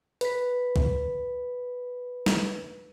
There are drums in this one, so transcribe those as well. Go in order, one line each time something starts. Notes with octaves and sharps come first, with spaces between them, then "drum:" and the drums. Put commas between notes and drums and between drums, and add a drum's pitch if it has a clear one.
B4 B6, drum: hi-hat
drum: kick
drum: snare